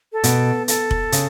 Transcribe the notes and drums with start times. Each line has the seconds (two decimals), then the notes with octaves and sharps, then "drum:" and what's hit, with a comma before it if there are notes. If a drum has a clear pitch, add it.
0.13 A4
0.24 B2, drum: hi-hat
0.68 A4, drum: hi-hat
0.91 drum: kick F1
1.12 C#3, drum: hi-hat